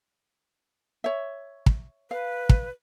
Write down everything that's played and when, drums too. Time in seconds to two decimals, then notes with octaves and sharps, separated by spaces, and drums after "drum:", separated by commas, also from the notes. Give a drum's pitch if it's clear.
1.04 C#5 E5
1.66 drum: kick
2.11 B4 F5
2.49 drum: kick